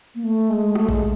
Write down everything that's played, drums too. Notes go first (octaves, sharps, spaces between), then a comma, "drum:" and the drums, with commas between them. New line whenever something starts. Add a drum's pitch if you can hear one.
A#3
A3
G#3
A3, drum: rim click
G#3, drum: kick A1